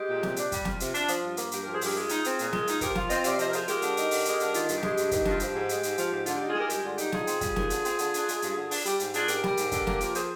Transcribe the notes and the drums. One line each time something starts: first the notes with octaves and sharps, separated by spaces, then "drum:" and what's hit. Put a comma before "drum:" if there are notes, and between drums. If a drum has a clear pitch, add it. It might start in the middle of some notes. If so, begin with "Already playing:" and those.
Already playing: G#3 G4
A#2
C3, drum: snare
D4, drum: hi-hat
G3, drum: kick, hi-hat
F2 F4, drum: snare
C3, drum: hi-hat
D4, drum: hi-hat
F3, drum: hi-hat
G2
A#3, drum: hi-hat
G2 G4, drum: hi-hat
F3 G4 A#4
G#4 C5
G2 G4 A#4, drum: open hi-hat
G#3 F4 G#4
D#4, drum: hi-hat
C4, drum: hi-hat
A#2, drum: hi-hat
G#3, drum: snare
D#4, drum: hi-hat
F3 G4 A#4, drum: kick, hi-hat
F4, drum: snare
C4 C5 D#5, drum: hi-hat
C3 D5 F5, drum: hi-hat
F3 C5 D#5, drum: hi-hat
A#4
F4 G#4 C5, drum: hi-hat
G#3 G4 A#4, drum: hi-hat
D3, drum: hi-hat
D#4, drum: hi-hat
D3, drum: open hi-hat
G#3, drum: hi-hat
D3, drum: hi-hat
D#3 F4, drum: hi-hat
G2, drum: hi-hat
G4
G#3, drum: snare
G2, drum: hi-hat
D#3, drum: kick, hi-hat
G2 F4, drum: snare
F3 G4, drum: hi-hat
G#2
G#3, drum: hi-hat
G#2, drum: hi-hat
F3, drum: hi-hat
G#2
D3 F4, drum: hi-hat
D#4 G4
F4 G#4
G#3 G4 A#4
F4
G2 G4, drum: hi-hat
D3 F4
D#4 G4, drum: hi-hat
D3 F4 G#4, drum: snare
C4, drum: hi-hat
G3, drum: kick, hi-hat
D#2, drum: snare
D3, drum: hi-hat
C4, drum: hi-hat
D3, drum: hi-hat
D4, drum: hi-hat
G#3, drum: hi-hat
G2, drum: hi-hat
D3
D4, drum: open hi-hat
G3 G4, drum: hi-hat
G#2 G4, drum: hi-hat
D4 F4 G#4, drum: hi-hat
G#2 G4 A#4, drum: hi-hat
G3, drum: snare
G#2, drum: hi-hat
D3, drum: kick, hi-hat
A#3, drum: snare
F3, drum: hi-hat
G#4 C5, drum: hi-hat